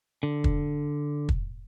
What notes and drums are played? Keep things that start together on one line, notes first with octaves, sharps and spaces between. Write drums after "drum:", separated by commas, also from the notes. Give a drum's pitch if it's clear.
D3
drum: kick
drum: kick